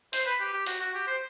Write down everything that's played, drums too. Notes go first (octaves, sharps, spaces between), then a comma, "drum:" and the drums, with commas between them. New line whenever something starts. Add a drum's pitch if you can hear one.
C5, drum: hi-hat
B4
G4
G4
F#4, drum: hi-hat
F#4
G4
C5